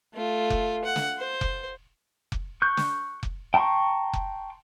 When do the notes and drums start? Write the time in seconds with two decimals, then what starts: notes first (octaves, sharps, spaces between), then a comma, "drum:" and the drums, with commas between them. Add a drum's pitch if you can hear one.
0.14 A3 F4
0.50 drum: kick F1
0.85 F#5
0.96 drum: snare
1.18 C5
1.41 drum: kick F1
2.32 drum: kick F1
2.62 C#6 F#6 G6
2.77 drum: snare
3.23 drum: kick F1
3.54 G5 A5 A#5 C6 C#6
4.13 drum: kick F1